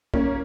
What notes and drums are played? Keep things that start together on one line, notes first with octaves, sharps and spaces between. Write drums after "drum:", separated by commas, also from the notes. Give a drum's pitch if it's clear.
A#3 C#4, drum: kick